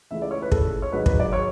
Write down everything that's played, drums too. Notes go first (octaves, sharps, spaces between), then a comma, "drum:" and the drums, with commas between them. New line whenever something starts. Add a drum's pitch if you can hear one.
C#2 C#3 E3 A3 E5
D5
C#5
B4
A4, drum: kick
C#5
G#1 G#2 F#3 B4
B4, drum: kick
D5
C#5